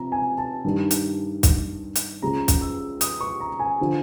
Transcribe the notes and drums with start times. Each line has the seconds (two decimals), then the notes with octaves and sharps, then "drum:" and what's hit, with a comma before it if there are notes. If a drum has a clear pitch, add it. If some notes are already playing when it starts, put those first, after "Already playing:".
Already playing: C3 F3 A#5
0.12 G#5
0.38 A5
0.64 G2 D#3
0.91 drum: hi-hat
1.43 drum: kick, hi-hat
1.96 drum: hi-hat
2.22 C#2 C#3 F3 A#5
2.48 drum: kick, hi-hat
2.61 E6
3.01 D#6, drum: hi-hat
3.21 C#6
3.40 A#5
3.60 G#5
3.81 D3 F3